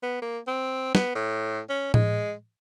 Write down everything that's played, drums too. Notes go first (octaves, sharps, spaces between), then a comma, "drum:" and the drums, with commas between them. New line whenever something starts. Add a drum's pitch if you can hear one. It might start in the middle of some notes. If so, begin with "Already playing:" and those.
B3
A#3
C4
B3, drum: snare
A2
C#4
G#3, drum: tom A2